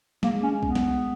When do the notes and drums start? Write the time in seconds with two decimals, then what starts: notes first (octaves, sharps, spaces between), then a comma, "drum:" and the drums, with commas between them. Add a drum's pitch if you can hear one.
0.23 G#3 A#3, drum: snare
0.43 C#4
0.63 B3, drum: kick B1
0.75 drum: snare